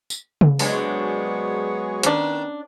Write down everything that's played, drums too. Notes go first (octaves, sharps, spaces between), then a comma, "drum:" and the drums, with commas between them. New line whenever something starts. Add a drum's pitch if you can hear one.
drum: tambourine
drum: tom C#3
C3 F#3 G#3 B3 D4 C#5, drum: open hi-hat
D#3 C#4 D4, drum: hi-hat